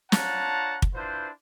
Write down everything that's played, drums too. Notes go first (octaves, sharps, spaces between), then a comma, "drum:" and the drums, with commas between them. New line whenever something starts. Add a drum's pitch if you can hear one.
D4 F4 C#5 F#5 A5 A#5, drum: snare
drum: kick
D4 E4 F4 B4 C5